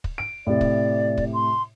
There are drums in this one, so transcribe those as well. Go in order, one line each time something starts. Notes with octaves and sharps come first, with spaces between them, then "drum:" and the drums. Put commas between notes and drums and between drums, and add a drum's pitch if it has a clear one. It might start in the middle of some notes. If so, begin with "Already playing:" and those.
drum: kick
D7
A2 C3 D5
drum: kick
drum: kick
C6